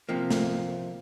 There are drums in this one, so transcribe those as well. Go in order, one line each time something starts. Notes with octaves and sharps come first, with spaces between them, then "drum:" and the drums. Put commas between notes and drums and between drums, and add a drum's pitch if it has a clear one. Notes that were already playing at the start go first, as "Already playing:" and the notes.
C3 F3 A#3
drum: snare